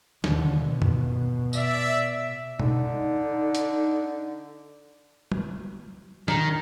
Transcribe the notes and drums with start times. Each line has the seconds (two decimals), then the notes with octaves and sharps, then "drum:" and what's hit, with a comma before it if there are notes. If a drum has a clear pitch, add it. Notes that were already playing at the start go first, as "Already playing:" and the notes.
0.24 D#2 D3, drum: snare
0.61 B2
0.82 drum: tom F#2
1.53 D5 E5, drum: tambourine
2.60 D3 D#4, drum: tom B2
3.55 drum: hi-hat
5.32 drum: tom
6.28 D#3 A#5, drum: snare